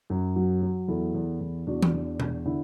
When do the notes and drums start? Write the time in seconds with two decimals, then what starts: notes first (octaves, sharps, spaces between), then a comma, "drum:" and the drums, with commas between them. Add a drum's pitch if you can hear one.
0.10 F#2
0.36 F#3
0.62 F#3
0.88 E2 E4 A4
1.14 E2
1.41 E2
1.67 E2 D4 F#4
1.82 drum: tom
1.93 E2
2.20 E2, drum: tom B2
2.46 D3 E4